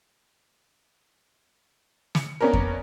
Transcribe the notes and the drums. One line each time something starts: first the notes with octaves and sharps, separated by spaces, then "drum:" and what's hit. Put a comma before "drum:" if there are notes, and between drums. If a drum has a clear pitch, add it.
C#7, drum: snare
A#3 B3 C#4 D4 A#4
drum: kick F2